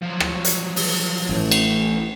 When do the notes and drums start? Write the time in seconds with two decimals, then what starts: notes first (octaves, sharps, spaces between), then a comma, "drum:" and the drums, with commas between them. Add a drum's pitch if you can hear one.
0.02 F3 F#3
0.20 drum: rim click
0.45 drum: hi-hat
0.76 drum: open hi-hat
1.29 A1 A2
1.51 drum: cymbal